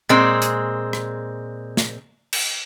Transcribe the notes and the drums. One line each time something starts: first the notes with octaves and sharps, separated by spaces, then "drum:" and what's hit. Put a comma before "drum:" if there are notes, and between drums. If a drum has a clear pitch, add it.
A#2 G#3 C4
drum: hi-hat
drum: rim click
drum: snare
drum: cymbal